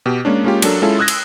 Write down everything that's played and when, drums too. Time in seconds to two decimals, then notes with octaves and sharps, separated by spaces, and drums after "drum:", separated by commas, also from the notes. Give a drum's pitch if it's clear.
0.06 B2 G4
0.25 G#3 A#3 C#4 D4
0.44 G#3 A#3 C#4 F4 G4
0.62 F#3 D4 A4 A#4, drum: cymbal
0.82 G#3 C#4 E4 F4 A4
0.99 D#6 E6 F#6 G#6 A#6
1.08 drum: cymbal